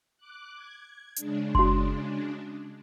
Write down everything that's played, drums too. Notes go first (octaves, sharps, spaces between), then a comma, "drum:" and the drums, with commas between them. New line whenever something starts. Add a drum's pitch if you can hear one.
D6 F#6
G#6
C#3 G#3 D4, drum: hi-hat
F#4 C6, drum: kick F#1